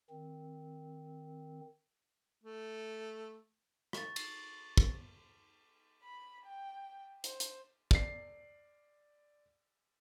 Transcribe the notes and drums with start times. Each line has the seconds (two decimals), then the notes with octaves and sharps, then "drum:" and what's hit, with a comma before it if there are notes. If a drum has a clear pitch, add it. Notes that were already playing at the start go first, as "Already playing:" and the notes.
0.11 D#3 C4
2.43 A3
3.93 C#6 A6, drum: rim click
4.16 drum: cymbal
4.77 drum: kick
6.03 B5
6.46 G5
7.24 C5, drum: hi-hat
7.40 drum: hi-hat
7.91 D5 C7, drum: kick